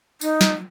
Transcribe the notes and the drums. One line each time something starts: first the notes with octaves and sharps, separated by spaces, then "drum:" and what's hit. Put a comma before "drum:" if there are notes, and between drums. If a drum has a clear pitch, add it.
D#4, drum: tambourine
drum: snare